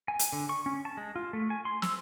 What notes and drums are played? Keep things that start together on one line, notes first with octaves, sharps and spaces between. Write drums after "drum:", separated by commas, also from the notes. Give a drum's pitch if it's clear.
G#5
drum: hi-hat
D3
C#6
C#4
A5
G#3
F4
A3
G#5
C6
E6, drum: snare